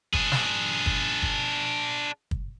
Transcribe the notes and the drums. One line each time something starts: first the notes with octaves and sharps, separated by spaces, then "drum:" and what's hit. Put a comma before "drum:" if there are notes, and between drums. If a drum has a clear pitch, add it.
D4 G#4, drum: kick
drum: snare
drum: kick
drum: kick
drum: kick